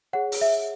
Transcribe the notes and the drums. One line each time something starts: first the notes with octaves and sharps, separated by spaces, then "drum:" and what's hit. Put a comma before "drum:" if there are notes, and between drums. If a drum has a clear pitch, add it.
G#4 C#5 F#5
drum: open hi-hat
E5